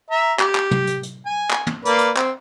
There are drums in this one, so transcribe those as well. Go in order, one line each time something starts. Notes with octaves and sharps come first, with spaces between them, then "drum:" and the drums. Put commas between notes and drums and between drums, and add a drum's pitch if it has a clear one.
E5 A#5
G4, drum: clap
drum: clap
drum: tom
drum: hi-hat
drum: hi-hat
G#5
drum: clap
drum: tom
A#3 B4 D5, drum: hi-hat
drum: hi-hat
C4, drum: clap